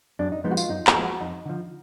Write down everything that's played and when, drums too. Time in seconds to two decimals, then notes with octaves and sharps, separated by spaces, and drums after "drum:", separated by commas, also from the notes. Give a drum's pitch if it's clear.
0.19 F#2 D4
0.32 D#4
0.44 F3 G#3 B3 D#4
0.51 F#4
0.57 F4, drum: tambourine
0.70 F#2 D#4
0.87 F4, drum: clap
0.95 F3 G#3 B3
1.03 F#4
1.20 F2 D#4
1.45 D3 F3